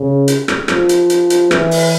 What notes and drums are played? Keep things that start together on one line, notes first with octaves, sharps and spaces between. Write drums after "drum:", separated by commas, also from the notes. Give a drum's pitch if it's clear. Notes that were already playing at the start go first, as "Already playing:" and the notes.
Already playing: C#3
drum: hi-hat
drum: rim click
F3, drum: rim click
drum: hi-hat
drum: hi-hat
drum: hi-hat
E3, drum: rim click
drum: open hi-hat